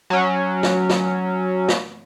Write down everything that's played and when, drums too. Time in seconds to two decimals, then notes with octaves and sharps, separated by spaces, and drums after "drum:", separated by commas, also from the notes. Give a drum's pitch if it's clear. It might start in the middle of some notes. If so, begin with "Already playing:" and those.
0.10 F#3 C#4
0.63 drum: snare
0.89 drum: snare
1.68 drum: snare